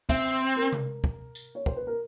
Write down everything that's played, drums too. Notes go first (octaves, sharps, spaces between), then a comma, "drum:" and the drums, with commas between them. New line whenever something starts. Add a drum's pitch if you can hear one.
C4 E5, drum: kick, tambourine
A#4
drum: tom C3
drum: kick
drum: tambourine
C#5
C5, drum: kick
B4
A#4